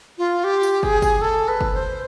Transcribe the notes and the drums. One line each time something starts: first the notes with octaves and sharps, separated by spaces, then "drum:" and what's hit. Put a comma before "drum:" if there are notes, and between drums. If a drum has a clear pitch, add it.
F4
G4
drum: tambourine
G#4, drum: kick
drum: kick, tambourine
A4
B4
drum: kick
C5